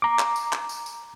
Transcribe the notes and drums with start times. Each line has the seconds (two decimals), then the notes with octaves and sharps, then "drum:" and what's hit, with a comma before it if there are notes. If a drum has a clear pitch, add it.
0.02 A#5 D6
0.19 drum: clap
0.36 drum: tambourine
0.53 drum: clap
0.69 drum: tambourine
0.86 drum: tambourine